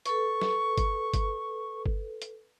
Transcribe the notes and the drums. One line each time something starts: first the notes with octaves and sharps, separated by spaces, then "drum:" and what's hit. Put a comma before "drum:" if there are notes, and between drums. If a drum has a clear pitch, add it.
A4 B4 C#6, drum: hi-hat
drum: snare
drum: kick G1, hi-hat
drum: kick G1, hi-hat
drum: kick G1
drum: hi-hat